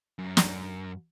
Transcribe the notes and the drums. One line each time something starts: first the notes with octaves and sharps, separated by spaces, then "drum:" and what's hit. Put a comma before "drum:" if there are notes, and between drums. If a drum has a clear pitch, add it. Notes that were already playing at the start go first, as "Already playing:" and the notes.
F#2
drum: snare